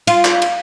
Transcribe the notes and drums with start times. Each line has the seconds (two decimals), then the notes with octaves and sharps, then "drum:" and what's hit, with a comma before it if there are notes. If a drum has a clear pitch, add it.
0.07 F4, drum: cymbal
0.25 drum: clap
0.42 drum: cymbal